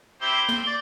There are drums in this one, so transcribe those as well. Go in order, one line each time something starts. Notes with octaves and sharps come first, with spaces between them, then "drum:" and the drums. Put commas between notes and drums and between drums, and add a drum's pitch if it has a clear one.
C4 E4 G4 G7
C4, drum: snare
D5 A6